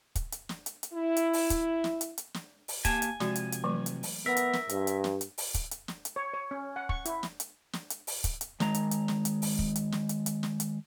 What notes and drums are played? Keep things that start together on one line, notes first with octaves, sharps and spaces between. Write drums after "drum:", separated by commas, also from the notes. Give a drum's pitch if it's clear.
drum: kick, hi-hat
drum: hi-hat
drum: snare
drum: hi-hat
drum: hi-hat
E4
drum: hi-hat
drum: open hi-hat
drum: kick, hi-hat
drum: snare
drum: hi-hat
drum: hi-hat
drum: snare
drum: open hi-hat
A#3 G4 G#5 A5, drum: kick, hi-hat
drum: hi-hat
C3 F3 G#3 F#4, drum: snare
drum: hi-hat
drum: hi-hat
E3 F#3 A3
drum: hi-hat
drum: open hi-hat
B3 A#4 E5
drum: hi-hat
drum: snare
G2, drum: hi-hat
drum: hi-hat
drum: snare
drum: hi-hat
drum: open hi-hat
drum: kick, hi-hat
drum: hi-hat
drum: snare
drum: hi-hat
C#5
C#5
C#4
F#5
C#6, drum: kick
E4, drum: hi-hat
drum: snare
drum: hi-hat
drum: snare
drum: hi-hat
drum: open hi-hat
drum: kick, hi-hat
drum: hi-hat
D#3 G#3 A#5, drum: snare
drum: hi-hat
drum: hi-hat
drum: snare
drum: hi-hat
drum: open hi-hat
drum: kick
drum: hi-hat
drum: snare
drum: hi-hat
drum: hi-hat
drum: snare
drum: hi-hat